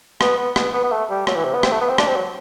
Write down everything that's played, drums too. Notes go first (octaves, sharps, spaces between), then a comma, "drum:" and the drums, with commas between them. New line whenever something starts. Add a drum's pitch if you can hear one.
B3, drum: rim click
B3
B3, drum: rim click
B3
B3
A3
G3
F#3, drum: rim click
E3
C3
B3
C4, drum: rim click
A3
B3
C4
D4, drum: rim click
C4
F#3